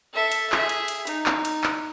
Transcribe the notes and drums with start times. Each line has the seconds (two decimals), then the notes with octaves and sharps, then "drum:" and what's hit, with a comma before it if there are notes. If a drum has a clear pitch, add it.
0.13 A4 E5
0.32 drum: cymbal
0.52 G#4 E5, drum: clap
0.69 drum: cymbal
0.88 drum: cymbal
1.07 D#4, drum: cymbal
1.26 drum: clap
1.45 drum: cymbal
1.64 drum: clap